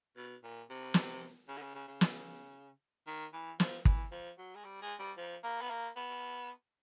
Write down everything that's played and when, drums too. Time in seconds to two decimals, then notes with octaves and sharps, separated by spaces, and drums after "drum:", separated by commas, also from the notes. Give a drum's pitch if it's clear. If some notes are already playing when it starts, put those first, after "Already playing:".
0.17 B2
0.44 A#2
0.70 C3
0.94 drum: snare
1.48 C#3
1.57 D3
1.62 C#3
1.75 C#3
1.88 C#3
2.01 drum: snare
3.07 D#3
3.33 E3
3.60 F3, drum: snare
3.85 E3, drum: kick
4.12 F3
4.38 F#3
4.55 G#3
4.64 G3
4.82 G#3
4.99 G3
5.17 F3
5.43 A#3
5.61 B3
5.70 A#3
5.96 B3